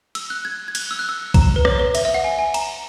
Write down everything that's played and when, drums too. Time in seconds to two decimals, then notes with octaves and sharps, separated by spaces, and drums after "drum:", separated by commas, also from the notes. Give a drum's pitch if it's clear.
0.15 E6, drum: cymbal
0.30 F#6
0.45 G#6
0.68 G#6
0.75 F#6, drum: cymbal
0.91 E6
0.99 F#6
1.09 E6
1.34 A#5, drum: kick, cymbal
1.56 B4
1.65 C#5, drum: rim click
1.79 B4
1.95 E5, drum: cymbal
2.05 E5
2.14 F#5
2.24 G#5
2.39 G#5
2.54 A#5, drum: cymbal